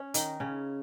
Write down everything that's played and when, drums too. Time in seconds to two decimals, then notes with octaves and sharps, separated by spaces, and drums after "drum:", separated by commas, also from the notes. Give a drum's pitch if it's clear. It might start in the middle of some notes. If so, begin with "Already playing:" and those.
Already playing: C#4
0.14 D#3 D#4, drum: hi-hat
0.40 C#3 C#4